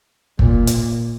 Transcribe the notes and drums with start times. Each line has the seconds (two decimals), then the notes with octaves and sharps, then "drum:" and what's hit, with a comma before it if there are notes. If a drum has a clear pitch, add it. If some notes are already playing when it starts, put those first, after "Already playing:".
0.39 A#2, drum: kick
0.67 drum: hi-hat